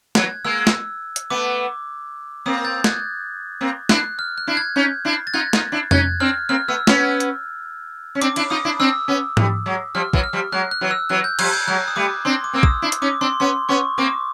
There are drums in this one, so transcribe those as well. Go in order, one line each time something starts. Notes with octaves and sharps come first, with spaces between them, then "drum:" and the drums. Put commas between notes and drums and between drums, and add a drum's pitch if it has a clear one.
E3 F#3 F#6 G#6, drum: snare
G#3 A#3 E6
drum: snare
drum: hi-hat
A3 B3 D6
A#3 C4 D#6
G6 A6
F#6 G#6, drum: snare
A#3 C4
D4 E4 F#6, drum: snare
F6
F#6
D4 E4
F#6 G#6
C#4 D#4 G6
D4 E4
A6
D#4 F4 F#6 G#6
D#4 F4, drum: snare
D4 E4
C#4 D#4 F#6 G#6, drum: tom F2
C4 D4 F6
A#3 C4 F6
A3 B3 E6
B3 C#4 F6, drum: snare
drum: hi-hat
C#4
C4 D4 D6, drum: hi-hat
D4 E4, drum: cymbal
D#4 F4 D#6
D4 E4
C4 D4 E6
B3 C#4
G3 A3, drum: tom G#2
F#3 G#3
F3 G3 F6
E3 F#3, drum: kick
F6
F3 G3
F#3 G#3 F#6
F#6
E3 F#3
E6
E3 F#3 F#6
G6
F3 G3 F#6 G#6, drum: cymbal
G6
F#3 G#3 F#6
D#6
G3 A3 D6
C4 D4 C6
D6
A#3 C4 E6
D#6, drum: kick
D4 E4
drum: hi-hat
C#4 D#4 D6
C4 D4 C6
B3 C#4 C6
B3 C#4 C#6
A#3 C4 D6